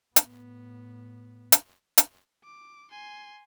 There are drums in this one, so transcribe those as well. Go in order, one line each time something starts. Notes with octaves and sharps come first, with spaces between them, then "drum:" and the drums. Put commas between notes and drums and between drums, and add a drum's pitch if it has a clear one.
A2 B3, drum: hi-hat
drum: hi-hat
drum: hi-hat
D6
G#5 C6